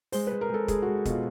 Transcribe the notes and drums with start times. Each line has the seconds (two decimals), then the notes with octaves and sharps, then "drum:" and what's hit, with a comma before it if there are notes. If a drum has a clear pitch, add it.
0.12 G#3 C5, drum: open hi-hat
0.27 G#3 B4
0.41 A#4
0.49 G#3 A4
0.68 G#3 G#4, drum: kick, hi-hat
0.82 G#3 F#4
1.05 B2 F4, drum: kick, hi-hat